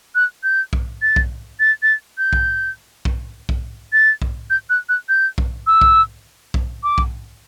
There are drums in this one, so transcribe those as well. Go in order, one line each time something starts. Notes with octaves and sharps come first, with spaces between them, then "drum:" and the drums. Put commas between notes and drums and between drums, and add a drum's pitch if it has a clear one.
F#6
G6
drum: kick B1
A6
drum: kick B1
A6
A6
G6
drum: kick B1
drum: kick B1
drum: kick B1
A6
drum: kick B1
G6
F#6
F#6
G6
drum: kick B1
E6
drum: kick B1
drum: kick B1
D6
drum: kick B1